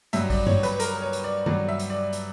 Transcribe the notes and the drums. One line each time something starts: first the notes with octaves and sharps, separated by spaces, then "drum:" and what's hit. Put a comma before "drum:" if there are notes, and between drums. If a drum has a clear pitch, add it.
G2 F#3 E5, drum: hi-hat
D5, drum: kick, open hi-hat
C#5, drum: tom G2
B4, drum: hi-hat
A#4, drum: hi-hat
C#5
drum: hi-hat
D5
G2 F#3 D5, drum: tom
E5
drum: hi-hat
D5
drum: hi-hat